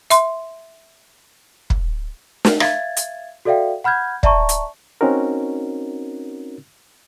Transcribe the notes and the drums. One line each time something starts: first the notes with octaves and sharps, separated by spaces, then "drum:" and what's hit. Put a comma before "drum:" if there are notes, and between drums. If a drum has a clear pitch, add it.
E5 C6, drum: hi-hat
drum: kick
drum: snare
E5 F5 G#6 A6, drum: rim click
drum: hi-hat
F#4 A4 D5 E5 F5 G5
F#5 B5 F6 G6 G#6
D5 E5 A5 A#5 C#6, drum: kick
drum: hi-hat
C4 C#4 D#4 F#4 A#4